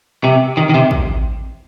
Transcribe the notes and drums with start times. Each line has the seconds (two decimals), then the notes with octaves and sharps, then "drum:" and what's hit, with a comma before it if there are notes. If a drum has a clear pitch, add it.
0.24 C3
0.57 D#3
0.69 D#3
0.74 C3
0.91 drum: kick